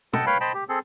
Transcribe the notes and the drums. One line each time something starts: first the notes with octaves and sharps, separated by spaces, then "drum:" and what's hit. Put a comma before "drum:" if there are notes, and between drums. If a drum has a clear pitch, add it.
A4 D#5 F#5 G5 A5, drum: tom
B4 C#5 F5 G5 B5
C5 D#5 G5 A5 B5
G4
C4 G#4 A4